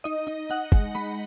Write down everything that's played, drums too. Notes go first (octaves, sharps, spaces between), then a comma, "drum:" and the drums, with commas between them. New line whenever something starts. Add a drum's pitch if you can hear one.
D#4 D#5
D#4
D#4 F#5
G#3, drum: kick
G#3 B5